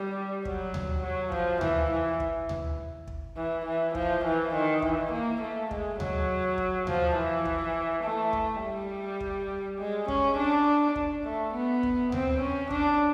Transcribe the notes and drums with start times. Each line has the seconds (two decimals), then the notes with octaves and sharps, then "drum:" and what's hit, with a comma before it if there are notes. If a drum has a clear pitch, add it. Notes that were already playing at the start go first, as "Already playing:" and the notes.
Already playing: G3
0.45 F#3, drum: kick
0.74 drum: tom D2
1.03 F#3
1.32 F3, drum: kick
1.61 E3, drum: tom D2
1.91 E3
2.20 drum: kick
2.49 drum: tom D2
3.08 drum: kick
3.37 E3
3.66 E3
3.95 F3, drum: kick
4.25 E3
4.54 D#3
4.82 E3, drum: kick
5.11 A#3
5.42 A3
5.71 G#3, drum: kick
6.00 F#3, drum: tom D2
6.58 drum: kick
6.87 F3, drum: tom D2
7.17 E3
7.45 drum: kick
8.04 A3
8.33 drum: kick
8.63 G3
9.21 drum: kick
9.79 G#3
10.08 C#4, drum: kick
10.38 D4
10.96 drum: kick
11.25 A3
11.54 B3
11.83 drum: kick
12.12 C4, drum: tom D2
12.41 C#4
12.71 D4, drum: kick